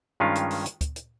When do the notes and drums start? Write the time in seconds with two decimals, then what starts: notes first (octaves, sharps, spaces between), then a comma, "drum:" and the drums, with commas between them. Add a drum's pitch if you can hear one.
0.20 G2 D#3 G#3 C#4 F4
0.35 drum: hi-hat
0.51 drum: open hi-hat
0.66 drum: hi-hat
0.81 drum: kick, hi-hat
0.96 drum: hi-hat